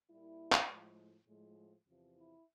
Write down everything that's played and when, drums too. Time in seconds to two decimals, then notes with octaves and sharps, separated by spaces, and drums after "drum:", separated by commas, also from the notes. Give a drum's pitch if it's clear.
0.10 A#2 G3 A#3 E4
0.52 drum: clap
0.69 A2 F3 G#3
1.27 A2 F3 G#3
1.86 E2 C3 F3
2.16 E4